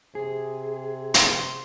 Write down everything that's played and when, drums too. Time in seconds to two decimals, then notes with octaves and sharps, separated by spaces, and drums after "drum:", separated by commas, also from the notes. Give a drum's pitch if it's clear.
0.15 C3 G#4
1.14 C6, drum: hi-hat